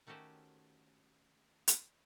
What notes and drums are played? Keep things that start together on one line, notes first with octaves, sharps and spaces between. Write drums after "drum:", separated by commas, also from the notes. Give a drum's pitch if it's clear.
D#3 A3 C#4 F#4 G4 C5
drum: hi-hat